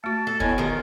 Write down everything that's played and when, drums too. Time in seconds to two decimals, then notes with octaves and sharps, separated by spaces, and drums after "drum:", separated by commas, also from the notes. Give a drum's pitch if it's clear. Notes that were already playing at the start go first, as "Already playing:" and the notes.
0.04 A3 F#4 A5
0.27 A4
0.40 A2 B3 D#5 G#5, drum: kick
0.58 D#3 F4 G4 A#4